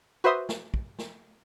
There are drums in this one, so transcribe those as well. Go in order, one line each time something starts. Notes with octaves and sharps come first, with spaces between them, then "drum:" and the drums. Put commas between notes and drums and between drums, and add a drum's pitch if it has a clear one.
F#4 B4 C5 E5 C6 D#6
drum: snare
drum: kick
drum: snare